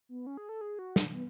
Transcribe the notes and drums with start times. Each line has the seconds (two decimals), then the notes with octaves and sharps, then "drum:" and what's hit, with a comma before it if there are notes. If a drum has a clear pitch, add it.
0.09 B3
0.27 C#4
0.37 G#4
0.49 A4
0.61 G#4
0.79 F#4
0.96 D4, drum: snare
1.14 B3